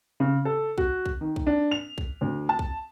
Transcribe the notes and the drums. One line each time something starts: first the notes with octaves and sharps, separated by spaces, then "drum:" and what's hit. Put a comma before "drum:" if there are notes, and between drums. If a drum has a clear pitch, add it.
C#3
A4
F#4, drum: kick
drum: kick
D#3
drum: kick
D4
F7
drum: kick
D2
A5
drum: kick